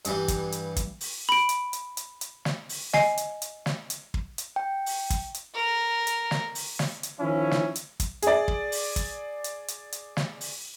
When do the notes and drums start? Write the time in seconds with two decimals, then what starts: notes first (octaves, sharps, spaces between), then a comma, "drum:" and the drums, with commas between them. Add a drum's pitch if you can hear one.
0.05 G2 E3 G3, drum: hi-hat
0.28 drum: kick, hi-hat
0.52 drum: hi-hat
0.76 drum: kick, hi-hat
1.01 drum: open hi-hat
1.29 B5 D7
1.49 drum: hi-hat
1.73 drum: hi-hat
1.97 drum: hi-hat
2.21 drum: hi-hat
2.45 drum: snare
2.69 drum: open hi-hat
2.93 D#5 G#5 C7, drum: snare
3.18 drum: hi-hat
3.42 drum: hi-hat
3.66 drum: snare
3.90 drum: hi-hat
4.14 drum: kick
4.38 drum: hi-hat
4.56 G5
4.86 drum: open hi-hat
5.10 drum: kick, hi-hat
5.34 drum: hi-hat
5.54 A#4
6.07 drum: hi-hat
6.31 drum: snare
6.55 drum: open hi-hat
6.79 drum: snare
7.03 drum: hi-hat
7.20 D#3 F3 C#4 E4
7.51 drum: snare
7.76 drum: hi-hat
8.00 drum: kick, hi-hat
8.22 G#4 D5, drum: hi-hat
8.48 drum: kick
8.72 drum: open hi-hat
8.96 drum: kick, hi-hat
9.44 drum: hi-hat
9.68 drum: hi-hat
9.92 drum: hi-hat
10.17 drum: snare
10.41 drum: open hi-hat